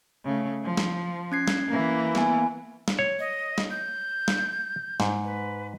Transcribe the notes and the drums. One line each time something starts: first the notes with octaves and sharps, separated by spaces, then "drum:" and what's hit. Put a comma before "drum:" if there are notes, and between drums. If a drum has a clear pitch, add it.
C#3 A3
F3
drum: snare
C#4 G#6 C7
drum: snare
E3 A#3
B3 G#5, drum: snare
drum: snare
C#5
D#5
drum: snare
G6
drum: snare
G#2, drum: snare
B4